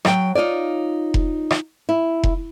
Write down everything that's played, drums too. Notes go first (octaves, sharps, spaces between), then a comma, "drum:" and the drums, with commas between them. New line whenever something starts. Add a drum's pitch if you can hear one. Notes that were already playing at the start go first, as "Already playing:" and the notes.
F#3 G5, drum: rim click
D#4 F4 C#5 D5
drum: kick F1
drum: rim click
E4
drum: kick F1